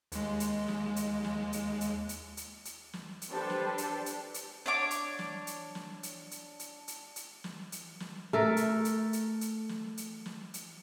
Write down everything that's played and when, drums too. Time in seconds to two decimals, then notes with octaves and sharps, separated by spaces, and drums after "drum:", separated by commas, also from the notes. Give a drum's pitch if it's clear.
0.12 D#2 G#3, drum: hi-hat
0.40 drum: hi-hat
0.68 drum: snare
0.96 drum: hi-hat
1.24 drum: snare
1.53 drum: hi-hat
1.81 drum: hi-hat
2.09 drum: hi-hat
2.37 drum: hi-hat
2.65 drum: hi-hat
2.93 drum: snare
3.22 drum: hi-hat
3.31 D4 G4 A4 B4 C5
3.50 drum: snare
3.78 drum: hi-hat
4.06 drum: hi-hat
4.34 drum: hi-hat
4.66 D4 C#5 D6
4.91 drum: hi-hat
5.19 drum: snare
5.47 drum: hi-hat
5.75 drum: snare
6.03 drum: hi-hat
6.31 drum: hi-hat
6.60 drum: hi-hat
6.88 drum: hi-hat
7.16 drum: hi-hat
7.44 drum: snare
7.72 drum: hi-hat
8.00 drum: snare
8.33 A3 A4 A#4
8.57 drum: hi-hat
8.85 drum: hi-hat
9.13 drum: hi-hat
9.41 drum: hi-hat
9.69 drum: snare
9.97 drum: hi-hat
10.26 drum: snare
10.54 drum: hi-hat